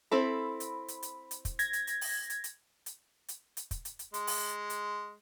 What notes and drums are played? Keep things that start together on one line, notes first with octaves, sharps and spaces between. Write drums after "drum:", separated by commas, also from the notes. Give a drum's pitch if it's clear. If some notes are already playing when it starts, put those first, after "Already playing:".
C4 E4 A4 B5
drum: hi-hat
drum: hi-hat
drum: hi-hat
drum: hi-hat
drum: kick, hi-hat
G#6 A#6, drum: hi-hat
drum: hi-hat
drum: hi-hat
drum: open hi-hat
drum: hi-hat
drum: hi-hat
drum: hi-hat
drum: hi-hat
drum: hi-hat
drum: kick, hi-hat
drum: hi-hat
drum: hi-hat
G#3, drum: hi-hat
drum: open hi-hat
drum: hi-hat